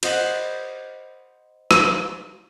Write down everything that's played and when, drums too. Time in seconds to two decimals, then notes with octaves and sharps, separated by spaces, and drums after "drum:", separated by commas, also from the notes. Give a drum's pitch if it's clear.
0.03 C5 D#5 F#5 B5, drum: cymbal
1.71 drum: rim click